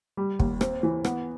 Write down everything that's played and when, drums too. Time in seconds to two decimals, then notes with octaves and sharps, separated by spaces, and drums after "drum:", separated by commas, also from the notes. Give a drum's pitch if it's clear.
0.17 G3
0.39 D#2, drum: kick
0.61 C4, drum: rim click
0.83 E3
1.04 B3, drum: rim click